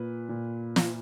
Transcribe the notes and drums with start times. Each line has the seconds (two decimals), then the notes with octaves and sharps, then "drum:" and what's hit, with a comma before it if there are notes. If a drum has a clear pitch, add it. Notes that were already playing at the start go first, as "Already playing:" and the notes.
Already playing: A#2 B4
0.29 A#2
0.76 drum: snare